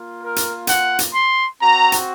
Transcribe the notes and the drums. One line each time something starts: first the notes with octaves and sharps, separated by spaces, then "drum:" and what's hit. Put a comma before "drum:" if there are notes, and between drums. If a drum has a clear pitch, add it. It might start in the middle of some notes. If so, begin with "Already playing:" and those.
Already playing: A#3 F4
A#4
drum: hi-hat
F#5, drum: hi-hat
drum: hi-hat
C6
C4 F#4 A#5
drum: hi-hat